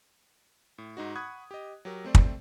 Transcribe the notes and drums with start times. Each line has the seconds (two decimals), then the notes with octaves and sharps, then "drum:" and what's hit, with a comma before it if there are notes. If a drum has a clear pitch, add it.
0.78 A2
0.97 G#2 D#4 F#4
1.15 F#5 B5 C#6 D#6 F#6 G#6
1.51 G4 D#5
1.85 F#3 G4 A#4
2.04 A3 C4 C5 D5
2.15 drum: kick